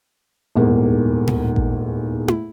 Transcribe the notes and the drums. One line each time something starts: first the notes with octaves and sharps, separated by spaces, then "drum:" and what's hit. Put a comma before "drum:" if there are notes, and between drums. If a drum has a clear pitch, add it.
D#1 E2 G#2 A#3
drum: tom A2
drum: kick A1
drum: tom E4